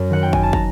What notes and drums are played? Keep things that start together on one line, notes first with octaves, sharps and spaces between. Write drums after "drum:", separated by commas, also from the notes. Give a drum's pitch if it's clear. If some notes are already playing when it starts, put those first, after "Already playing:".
Already playing: F#2
D#3 F#5
G5
G#5, drum: kick
A5
A#5, drum: kick